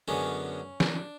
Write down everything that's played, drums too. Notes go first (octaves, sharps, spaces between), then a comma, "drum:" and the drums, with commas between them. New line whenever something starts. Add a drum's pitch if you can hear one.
F#2 D3 G#3 B3 C#4
D4, drum: snare